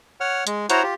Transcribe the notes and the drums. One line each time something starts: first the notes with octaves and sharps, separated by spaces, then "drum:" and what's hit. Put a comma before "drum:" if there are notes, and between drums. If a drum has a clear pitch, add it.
C#5 F#5 F6
G#3, drum: hi-hat
E4 F#4 C5 C#5 F#5 A#5, drum: hi-hat
F4 G4